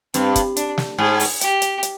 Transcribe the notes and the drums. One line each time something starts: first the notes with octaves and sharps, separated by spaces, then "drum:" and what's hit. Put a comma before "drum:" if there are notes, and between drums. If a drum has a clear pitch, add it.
G2 C4, drum: hi-hat
drum: kick, hi-hat
D4, drum: hi-hat
drum: snare
G#2 G#4
drum: open hi-hat
G4, drum: hi-hat
drum: hi-hat
drum: hi-hat